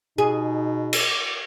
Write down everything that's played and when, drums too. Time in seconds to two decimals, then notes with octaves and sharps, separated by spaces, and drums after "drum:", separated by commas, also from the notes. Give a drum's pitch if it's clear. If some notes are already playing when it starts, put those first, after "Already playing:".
0.18 B2 D#4 G#4
0.93 drum: cymbal